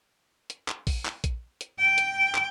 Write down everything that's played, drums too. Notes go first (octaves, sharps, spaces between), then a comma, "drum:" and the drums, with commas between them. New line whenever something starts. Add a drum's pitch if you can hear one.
drum: hi-hat
drum: clap
drum: kick A#1, open hi-hat
drum: clap
drum: kick A#1, hi-hat
drum: hi-hat
G5
drum: hi-hat
drum: clap